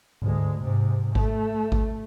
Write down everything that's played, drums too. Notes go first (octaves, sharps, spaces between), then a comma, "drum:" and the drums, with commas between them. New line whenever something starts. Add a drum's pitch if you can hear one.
D2 G#3, drum: tom G#2
G#2 C3
A3, drum: kick G#1
drum: kick G#1